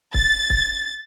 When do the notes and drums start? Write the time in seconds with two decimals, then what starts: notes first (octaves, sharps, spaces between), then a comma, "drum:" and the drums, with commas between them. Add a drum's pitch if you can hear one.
0.14 A6, drum: kick
0.50 drum: kick